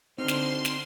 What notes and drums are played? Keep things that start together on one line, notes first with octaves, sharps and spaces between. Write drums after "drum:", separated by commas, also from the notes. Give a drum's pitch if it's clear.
D3 C4 D#4 F#4 C5 C6 F6
drum: snare
drum: snare